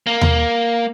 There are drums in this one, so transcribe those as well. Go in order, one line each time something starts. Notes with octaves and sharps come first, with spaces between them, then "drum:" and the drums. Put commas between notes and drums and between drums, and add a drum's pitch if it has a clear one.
A#3
drum: tom D#2